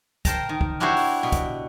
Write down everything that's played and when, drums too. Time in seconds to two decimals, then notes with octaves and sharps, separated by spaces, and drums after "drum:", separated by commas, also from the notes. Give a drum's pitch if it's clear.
0.25 A#4 C5 G5 A5 A#5, drum: kick, hi-hat
0.49 D#3
0.61 drum: kick
0.80 D4 E4 F#4 G4 C5 C#5
0.97 drum: open hi-hat
1.23 B2
1.32 drum: kick, hi-hat